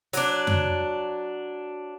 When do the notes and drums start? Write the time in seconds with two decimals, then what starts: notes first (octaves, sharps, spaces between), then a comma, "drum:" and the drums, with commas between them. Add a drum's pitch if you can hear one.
0.13 F#3 D4, drum: hi-hat
0.47 drum: tom F2